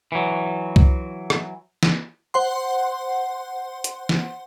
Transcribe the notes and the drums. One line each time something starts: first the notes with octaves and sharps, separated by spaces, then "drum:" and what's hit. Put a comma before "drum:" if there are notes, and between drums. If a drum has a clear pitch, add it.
E3 F#3
drum: kick C2
drum: rim click
drum: snare
C5 F#5 C6
drum: hi-hat
drum: snare